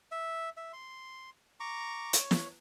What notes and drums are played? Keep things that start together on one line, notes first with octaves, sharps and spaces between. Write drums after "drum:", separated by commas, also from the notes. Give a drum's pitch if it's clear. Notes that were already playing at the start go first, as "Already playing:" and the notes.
E5
E5
C6
A#5 C#6 D6
C#5, drum: hi-hat
drum: snare